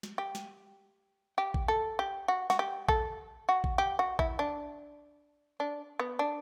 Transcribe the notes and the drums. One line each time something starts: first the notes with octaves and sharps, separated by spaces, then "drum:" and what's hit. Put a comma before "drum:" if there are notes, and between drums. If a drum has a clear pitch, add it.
drum: snare
G4
drum: snare
G4
drum: kick A1
A4
G4
F#4
F#4, drum: snare
G4
A4, drum: kick A1
F#4
drum: kick A1
G4
F#4
E4, drum: kick A1
D4
D4
B3
D4